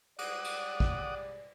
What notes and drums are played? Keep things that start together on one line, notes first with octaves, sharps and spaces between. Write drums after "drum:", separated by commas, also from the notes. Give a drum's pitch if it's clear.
G3 G#3 D5 F#5 D6 D#6, drum: cymbal
drum: cymbal
drum: kick A#1